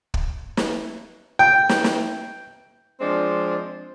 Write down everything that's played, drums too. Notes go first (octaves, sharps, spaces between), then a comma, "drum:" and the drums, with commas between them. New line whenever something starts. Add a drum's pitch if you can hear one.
drum: kick
drum: snare
G5
drum: snare
drum: snare
F3 G#3 C4 D4 D5